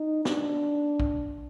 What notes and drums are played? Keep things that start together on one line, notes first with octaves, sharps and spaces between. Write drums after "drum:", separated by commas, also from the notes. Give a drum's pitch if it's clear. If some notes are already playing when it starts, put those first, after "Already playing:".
Already playing: D#4
D4, drum: snare
drum: kick